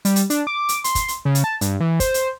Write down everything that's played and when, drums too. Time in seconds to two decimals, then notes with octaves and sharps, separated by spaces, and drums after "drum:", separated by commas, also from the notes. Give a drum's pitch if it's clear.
0.05 G3, drum: hi-hat
0.16 drum: hi-hat
0.30 D4, drum: hi-hat
0.47 D6
0.69 drum: hi-hat
0.84 C6, drum: hi-hat
0.95 drum: kick, hi-hat
1.08 drum: hi-hat
1.25 C#3
1.35 drum: hi-hat
1.44 A5
1.61 G2, drum: hi-hat
1.80 E3
2.00 C5, drum: kick, hi-hat
2.14 drum: hi-hat